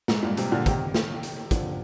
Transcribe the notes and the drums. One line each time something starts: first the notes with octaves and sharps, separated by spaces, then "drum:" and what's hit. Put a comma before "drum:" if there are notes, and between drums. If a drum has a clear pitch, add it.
G#2, drum: snare
G2 A#2
G#2 C3, drum: hi-hat
A#2 D3
C3 D#3, drum: kick, hi-hat
drum: snare
drum: hi-hat
D3 F3, drum: kick, hi-hat